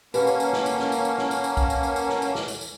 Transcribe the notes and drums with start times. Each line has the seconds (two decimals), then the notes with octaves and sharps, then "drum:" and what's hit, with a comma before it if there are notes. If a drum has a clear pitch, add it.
0.14 A#3 C#4 B4 F#5 A5, drum: tambourine
0.27 drum: tambourine
0.40 drum: tambourine
0.53 drum: snare
0.66 drum: tambourine
0.79 drum: snare
0.92 drum: tambourine
1.05 drum: tambourine
1.18 drum: snare
1.31 drum: tambourine
1.44 drum: tambourine
1.57 drum: kick B1, tambourine
1.70 drum: tambourine
1.83 drum: tambourine
1.96 drum: tambourine
2.09 drum: snare
2.22 drum: tambourine
2.35 drum: snare
2.48 drum: tambourine
2.61 drum: tambourine